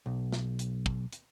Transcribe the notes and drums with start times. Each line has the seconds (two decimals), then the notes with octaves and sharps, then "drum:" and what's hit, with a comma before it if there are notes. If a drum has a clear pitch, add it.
0.06 B1
0.32 drum: snare
0.59 drum: hi-hat
0.86 drum: kick
1.13 drum: hi-hat